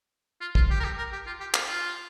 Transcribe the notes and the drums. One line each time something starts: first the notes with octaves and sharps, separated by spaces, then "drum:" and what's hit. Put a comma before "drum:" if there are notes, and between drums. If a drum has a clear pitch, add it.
F4
F4, drum: kick
G4
A#4
G4
A#4
G4
F4
G4
F4, drum: clap
F4